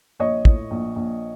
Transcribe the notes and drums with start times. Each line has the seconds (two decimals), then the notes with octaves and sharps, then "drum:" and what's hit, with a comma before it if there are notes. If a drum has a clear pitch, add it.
0.19 A#1 C#5 D#5
0.45 A2, drum: kick
0.71 A#1
0.96 A#1